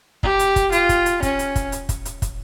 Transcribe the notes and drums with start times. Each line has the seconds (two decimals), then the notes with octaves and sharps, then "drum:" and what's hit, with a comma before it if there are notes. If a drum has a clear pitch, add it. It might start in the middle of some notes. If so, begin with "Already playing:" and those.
0.23 G4, drum: kick
0.39 drum: hi-hat
0.56 drum: kick, hi-hat
0.72 F4, drum: hi-hat
0.89 drum: kick, hi-hat
1.06 drum: hi-hat
1.23 C#4, drum: kick, hi-hat
1.39 drum: hi-hat
1.56 drum: kick, hi-hat
1.72 drum: hi-hat
1.89 drum: kick, hi-hat
2.05 drum: hi-hat
2.22 drum: kick, hi-hat